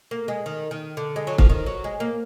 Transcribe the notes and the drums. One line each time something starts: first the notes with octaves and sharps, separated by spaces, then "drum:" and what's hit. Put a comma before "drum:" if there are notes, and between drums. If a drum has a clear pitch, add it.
A#3
G#3
D#3
D#3
D3
G#3
F#3
F3, drum: kick
D#3
F#3
G#3
A#3